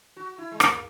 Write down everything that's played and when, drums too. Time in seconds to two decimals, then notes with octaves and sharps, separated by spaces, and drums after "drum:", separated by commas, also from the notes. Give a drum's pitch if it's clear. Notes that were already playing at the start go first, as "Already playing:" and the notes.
0.17 F#4
0.38 E4
0.52 G#3
0.60 A#3, drum: rim click